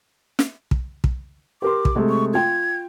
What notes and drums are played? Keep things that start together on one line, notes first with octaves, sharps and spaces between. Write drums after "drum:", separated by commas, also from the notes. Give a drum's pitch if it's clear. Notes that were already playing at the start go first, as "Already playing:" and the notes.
drum: snare
drum: kick
drum: kick
G4 A#4 C6 D6
drum: kick
C3 G#3 A3
C#6
F4 G5 G#6